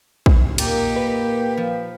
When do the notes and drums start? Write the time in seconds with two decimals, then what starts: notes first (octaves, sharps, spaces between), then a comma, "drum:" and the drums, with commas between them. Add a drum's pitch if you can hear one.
0.26 drum: kick
0.58 A#2 A#3 D#4 G4, drum: cymbal
0.96 B4
1.57 F3